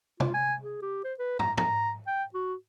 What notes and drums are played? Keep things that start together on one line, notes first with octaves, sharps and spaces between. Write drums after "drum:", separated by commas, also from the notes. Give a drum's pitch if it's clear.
F4, drum: tom C3
G#5
G#4
G4
C5
B4
A#5, drum: tom
A#5, drum: tom
G5
F#4